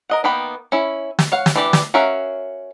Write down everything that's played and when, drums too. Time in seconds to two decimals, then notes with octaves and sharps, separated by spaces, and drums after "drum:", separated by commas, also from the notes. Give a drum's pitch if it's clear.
0.10 A#4 D#5 F#5
0.24 D#3 A#3 B3 G5 B5
0.72 C#4 E4
1.19 drum: snare
1.32 C#5 F5 F#5
1.46 drum: snare
1.56 E3 D4 G4 D5
1.73 drum: snare
1.94 C#4 F#4 A#4 E5 F5